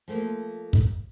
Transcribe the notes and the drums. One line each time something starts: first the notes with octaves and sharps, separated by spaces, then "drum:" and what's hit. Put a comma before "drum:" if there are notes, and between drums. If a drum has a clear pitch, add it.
F3 A3 A#3 F4
drum: kick